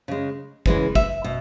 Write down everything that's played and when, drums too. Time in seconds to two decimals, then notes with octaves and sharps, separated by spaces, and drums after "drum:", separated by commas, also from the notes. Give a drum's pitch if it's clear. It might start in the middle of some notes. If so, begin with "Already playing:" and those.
0.08 C#3 G#3
0.66 C#3 E3 G#3, drum: kick
0.95 E5, drum: kick
1.24 B2